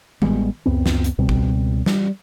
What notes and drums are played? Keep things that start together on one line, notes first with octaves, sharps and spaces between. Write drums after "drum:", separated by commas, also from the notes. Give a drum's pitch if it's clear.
A1 G3 G#3 B3, drum: tom D#3
C#2 F#2 B3 C4
drum: snare
drum: hi-hat
C#2 B2 G3 C4
drum: kick A1
G3, drum: snare